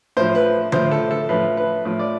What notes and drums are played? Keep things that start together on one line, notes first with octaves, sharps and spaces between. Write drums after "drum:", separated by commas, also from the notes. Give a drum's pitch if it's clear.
A2 F3 C5
B4
A2 F3 C5, drum: tom D3
A4
A4
A2 F3 B4
B4
A2 F3
D5